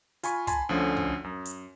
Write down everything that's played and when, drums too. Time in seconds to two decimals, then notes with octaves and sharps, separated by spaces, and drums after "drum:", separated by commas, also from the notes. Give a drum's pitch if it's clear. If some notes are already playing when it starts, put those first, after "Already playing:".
0.23 F4 G#5 B5 C#6, drum: hi-hat
0.47 G#5 A5 B5 C6, drum: kick, hi-hat
0.69 D2 D3 F3 C#4
0.97 drum: kick
1.24 F#2
1.45 drum: hi-hat